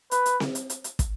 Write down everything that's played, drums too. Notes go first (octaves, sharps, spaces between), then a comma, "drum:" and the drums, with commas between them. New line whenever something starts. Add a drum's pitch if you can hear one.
B4, drum: hi-hat
drum: hi-hat
drum: snare C4
drum: hi-hat
drum: hi-hat
drum: hi-hat
drum: kick, hi-hat